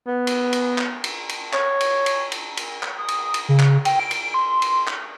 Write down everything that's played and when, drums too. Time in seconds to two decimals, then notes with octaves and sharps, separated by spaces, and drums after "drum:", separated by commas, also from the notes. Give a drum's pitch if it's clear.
0.07 B3
0.27 drum: cymbal
0.53 drum: cymbal
0.78 drum: clap
1.04 drum: cymbal
1.29 drum: cymbal
1.53 C#5, drum: clap
1.81 drum: cymbal
2.06 drum: cymbal
2.32 drum: cymbal
2.57 drum: cymbal
2.83 drum: clap
2.99 D#6
3.08 drum: cymbal
3.34 drum: cymbal
3.49 C#3
3.60 drum: clap
3.85 G5, drum: cymbal
3.99 D7
4.11 drum: cymbal
4.34 C6
4.62 drum: cymbal
4.87 drum: clap